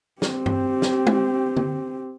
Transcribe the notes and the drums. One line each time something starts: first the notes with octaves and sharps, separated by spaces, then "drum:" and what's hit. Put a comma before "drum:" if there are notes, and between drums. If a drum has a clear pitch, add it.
C4 G4, drum: snare
drum: tom G2
drum: snare
drum: tom
drum: tom